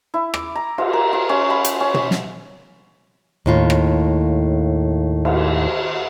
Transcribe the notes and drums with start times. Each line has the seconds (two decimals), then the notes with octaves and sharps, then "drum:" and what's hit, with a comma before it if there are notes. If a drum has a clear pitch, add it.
0.14 E4
0.34 D6, drum: rim click
0.55 A#5
0.78 F4, drum: cymbal
0.93 A#4
1.13 F4
1.29 C#4
1.50 B5
1.64 drum: hi-hat
1.80 C#4
1.94 drum: tom
2.11 drum: snare
3.46 D#2 A2 F4
3.70 drum: rim click
5.25 drum: cymbal